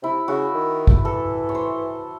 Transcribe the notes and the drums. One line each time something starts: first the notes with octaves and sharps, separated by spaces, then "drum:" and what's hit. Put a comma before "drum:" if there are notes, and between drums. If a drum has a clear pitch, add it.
C3 E4
C#3 F#4
D#3
drum: kick
E3 A4
C#5
C5